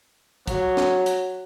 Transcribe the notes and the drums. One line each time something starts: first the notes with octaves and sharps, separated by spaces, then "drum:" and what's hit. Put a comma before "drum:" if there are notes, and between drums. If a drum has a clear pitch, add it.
F#3, drum: kick, hi-hat
drum: snare
drum: hi-hat